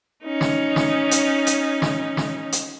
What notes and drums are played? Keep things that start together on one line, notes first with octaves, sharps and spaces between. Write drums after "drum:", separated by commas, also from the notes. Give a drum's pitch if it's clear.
C#4 D#4
drum: snare
drum: snare
drum: hi-hat
drum: hi-hat
drum: snare
drum: snare
drum: hi-hat